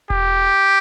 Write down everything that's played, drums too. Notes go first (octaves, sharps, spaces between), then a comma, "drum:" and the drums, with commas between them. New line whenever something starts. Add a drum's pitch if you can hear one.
G4, drum: kick E1